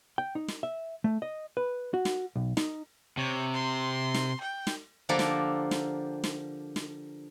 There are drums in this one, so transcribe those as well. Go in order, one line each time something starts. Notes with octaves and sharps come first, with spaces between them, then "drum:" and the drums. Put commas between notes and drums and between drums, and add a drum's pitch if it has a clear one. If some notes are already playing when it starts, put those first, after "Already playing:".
G5
D#4
drum: snare
E5
A3
D#5
B4
F#4
drum: snare
B1
D#4, drum: snare
C3 C#5
C6
drum: snare
G5
drum: snare
D3 F3 A#3 G4 A4 A#4
drum: snare
drum: snare
drum: snare
drum: snare